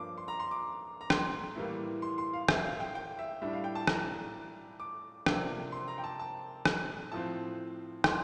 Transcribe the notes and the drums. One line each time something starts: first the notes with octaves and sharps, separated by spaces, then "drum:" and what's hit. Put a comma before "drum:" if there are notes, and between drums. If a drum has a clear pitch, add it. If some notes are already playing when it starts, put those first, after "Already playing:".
Already playing: G2 F3 A#3 D4 D6
C6
A#5
C6
D6
A#5
C6, drum: rim click
A2 E3 G3 A#3
C6
C6
F5
E5, drum: rim click
F5
G5
G5
E5
A2 G3 D4 E5
F5
G5
A5
A#5, drum: rim click
D6
C3 F3 A#3 D4, drum: rim click
C6
A#5
G5
A5
A5
drum: rim click
A2 F3 C4 A5
C6, drum: rim click